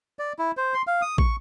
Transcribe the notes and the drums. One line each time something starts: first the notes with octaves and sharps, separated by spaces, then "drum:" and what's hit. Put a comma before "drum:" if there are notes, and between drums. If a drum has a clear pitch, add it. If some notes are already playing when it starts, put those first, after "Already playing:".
D5
E4
C5
C6
F5
D#6
C#6, drum: kick